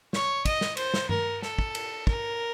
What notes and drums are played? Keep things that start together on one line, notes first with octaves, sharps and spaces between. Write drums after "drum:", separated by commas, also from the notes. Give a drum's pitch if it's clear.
C#5, drum: snare
D#5, drum: kick, cymbal
drum: snare
C5, drum: cymbal
drum: snare
A#4, drum: tom G2
A4, drum: snare
drum: kick
drum: cymbal
A#4, drum: kick